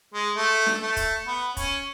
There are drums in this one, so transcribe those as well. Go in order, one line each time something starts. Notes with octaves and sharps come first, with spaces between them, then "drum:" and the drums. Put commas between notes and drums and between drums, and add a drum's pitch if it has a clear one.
G#3
A3
drum: snare D4
A3
drum: kick, hi-hat
B3
C#4, drum: kick, hi-hat